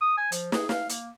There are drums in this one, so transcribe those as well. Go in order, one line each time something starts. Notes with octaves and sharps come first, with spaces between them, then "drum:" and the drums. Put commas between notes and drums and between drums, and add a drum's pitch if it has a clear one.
D#6
G#5
F3, drum: hi-hat
G#4, drum: snare
F5, drum: snare
A#3, drum: hi-hat